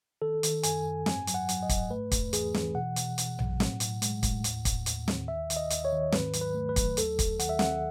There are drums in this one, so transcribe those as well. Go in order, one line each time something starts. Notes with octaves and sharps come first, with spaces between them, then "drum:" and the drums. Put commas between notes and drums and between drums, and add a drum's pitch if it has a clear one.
D#3 A4
D#3, drum: hi-hat
F#2 G#5, drum: hi-hat
F#2
G#2 G#5, drum: snare
F#3, drum: hi-hat
F#5
F#3, drum: hi-hat
D#5
G#2, drum: kick, hi-hat
A3 B4
E2, drum: kick, hi-hat
E3 G#4, drum: hi-hat
E3, drum: snare
B2 F#5
B2, drum: hi-hat
B2, drum: hi-hat
F#3, drum: tom A#1
A2, drum: snare
A2, drum: hi-hat
G#3, drum: hi-hat
A2, drum: kick, hi-hat
D#2, drum: hi-hat
D#2, drum: kick, hi-hat
D#2, drum: hi-hat
D#3, drum: snare
D#2 E5
D#3, drum: hi-hat
D#5
D#2, drum: hi-hat
C#5
D#3
G#2 B4, drum: snare
F#3, drum: hi-hat
B4
A3
B4
F#3, drum: kick, hi-hat
D#2 A4, drum: hi-hat
D#2, drum: kick, hi-hat
D#3 F#5, drum: hi-hat
E5
D#3 F#5, drum: snare